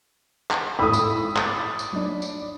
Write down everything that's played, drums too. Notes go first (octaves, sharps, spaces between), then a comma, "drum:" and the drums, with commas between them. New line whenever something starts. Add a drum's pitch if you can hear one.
drum: clap
G#1 A2 B5 D#6 E6
drum: tambourine
D6 A6, drum: clap
drum: tambourine
F#3 D4
drum: tambourine